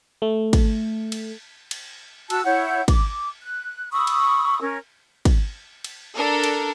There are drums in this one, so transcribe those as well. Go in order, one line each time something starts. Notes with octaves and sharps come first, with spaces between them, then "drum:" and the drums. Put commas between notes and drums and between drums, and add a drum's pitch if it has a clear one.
A3
drum: kick, cymbal
drum: cymbal
drum: cymbal
F#4 A5 E6 F#6, drum: cymbal
E4 C#5 F#5 G6
D6, drum: kick, cymbal
F#6
B5 C#6 D#6 E6
drum: cymbal
C#4 A#4
drum: kick, cymbal
drum: cymbal
D4 A4 A#4
drum: cymbal